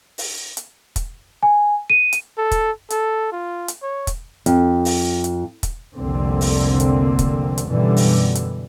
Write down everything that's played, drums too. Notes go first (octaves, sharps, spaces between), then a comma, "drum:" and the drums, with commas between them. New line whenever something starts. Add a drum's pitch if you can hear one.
drum: open hi-hat
drum: hi-hat
drum: kick, hi-hat
G#5
D#7
drum: hi-hat
A4
drum: kick, hi-hat
A4, drum: hi-hat
F4
drum: hi-hat
C#5
drum: kick, hi-hat
F2, drum: hi-hat
drum: open hi-hat
drum: hi-hat
drum: kick, hi-hat
F1 C2 D3 A#3 C4
drum: open hi-hat
drum: hi-hat
drum: kick, hi-hat
drum: hi-hat
F#2 B2 D3 E3 G3
drum: open hi-hat
drum: hi-hat